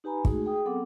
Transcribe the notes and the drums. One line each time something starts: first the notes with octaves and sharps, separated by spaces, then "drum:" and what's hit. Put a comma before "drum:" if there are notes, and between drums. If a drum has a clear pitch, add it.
D#4 G4 B4 G#5 A#5 B5
G#3 A3 D#4 F#4 G#4, drum: kick
G#4 G5 D#6
F#3 B3 C4 A4 F#5 D6